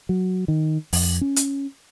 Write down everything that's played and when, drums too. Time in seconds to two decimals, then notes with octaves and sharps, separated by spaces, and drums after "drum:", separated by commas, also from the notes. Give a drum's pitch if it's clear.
0.09 F#3
0.48 D#3
0.93 F2, drum: open hi-hat
1.21 C#4
1.36 drum: hi-hat